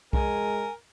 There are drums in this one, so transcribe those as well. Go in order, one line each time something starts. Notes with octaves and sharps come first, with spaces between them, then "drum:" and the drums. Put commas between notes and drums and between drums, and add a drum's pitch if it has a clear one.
G#3 A#4 G#5, drum: kick B1